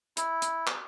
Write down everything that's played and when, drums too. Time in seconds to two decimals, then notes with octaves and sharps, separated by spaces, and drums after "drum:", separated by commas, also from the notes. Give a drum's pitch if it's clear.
0.17 E4, drum: hi-hat
0.42 drum: hi-hat
0.67 drum: clap